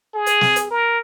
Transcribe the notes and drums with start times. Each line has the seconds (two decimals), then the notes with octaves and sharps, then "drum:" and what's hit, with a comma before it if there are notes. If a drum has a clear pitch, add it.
0.15 G#4
0.26 drum: hi-hat
0.41 drum: snare
0.56 drum: hi-hat
0.71 A#4